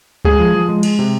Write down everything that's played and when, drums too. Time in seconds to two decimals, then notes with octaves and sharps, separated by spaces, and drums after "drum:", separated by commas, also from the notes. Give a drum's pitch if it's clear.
0.25 G#3 G#4, drum: kick C#2
0.39 F3
0.54 F3
0.69 G#3
0.83 G#3, drum: cymbal
0.99 C3